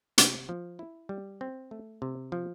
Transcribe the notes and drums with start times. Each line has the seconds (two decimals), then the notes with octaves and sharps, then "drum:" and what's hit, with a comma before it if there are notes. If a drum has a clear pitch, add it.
0.18 C3, drum: hi-hat
0.49 F3
0.79 E4
1.09 G3
1.41 C4
1.71 A3
2.02 C3
2.32 F3